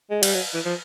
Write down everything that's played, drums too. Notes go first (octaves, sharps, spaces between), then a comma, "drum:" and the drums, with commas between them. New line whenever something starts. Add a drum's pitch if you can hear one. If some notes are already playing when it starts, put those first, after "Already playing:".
G#3
G3, drum: cymbal
F#3
E3
F3